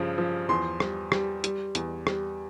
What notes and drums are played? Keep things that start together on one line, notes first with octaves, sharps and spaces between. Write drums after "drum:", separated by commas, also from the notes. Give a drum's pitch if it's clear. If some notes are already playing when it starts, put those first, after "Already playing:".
Already playing: G2 C#3 F3
F3
E2 C6
G3, drum: rim click
G3, drum: rim click
G3, drum: hi-hat
E2, drum: hi-hat
G3, drum: rim click